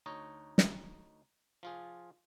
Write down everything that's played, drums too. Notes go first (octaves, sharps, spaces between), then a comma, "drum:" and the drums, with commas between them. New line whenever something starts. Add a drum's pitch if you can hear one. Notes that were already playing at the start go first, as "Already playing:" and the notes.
D2 D#4 C#5 D#5
drum: snare
F3 F4 G#4